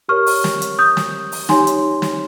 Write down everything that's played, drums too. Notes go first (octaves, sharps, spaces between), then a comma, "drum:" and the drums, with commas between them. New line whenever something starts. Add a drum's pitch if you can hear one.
G4 A#4 C#5 C#6 F6
drum: open hi-hat
drum: snare
drum: hi-hat
D#6 G6
drum: snare
drum: open hi-hat
D#4 G4 C#5 G#5 C6, drum: snare
drum: hi-hat
drum: snare